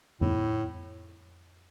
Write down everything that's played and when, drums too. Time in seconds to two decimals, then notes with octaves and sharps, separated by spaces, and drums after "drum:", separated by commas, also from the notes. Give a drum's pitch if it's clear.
0.21 A2, drum: tom F2